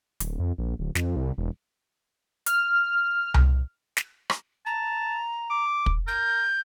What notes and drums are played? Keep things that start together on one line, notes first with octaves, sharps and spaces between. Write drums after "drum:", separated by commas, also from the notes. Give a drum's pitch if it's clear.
D1, drum: hi-hat
F2
A#1
D1
F2, drum: snare
C2
E1
F6, drum: hi-hat
drum: tom C2
drum: snare
drum: rim click
A5 A#5
D6
drum: kick
A#4 G6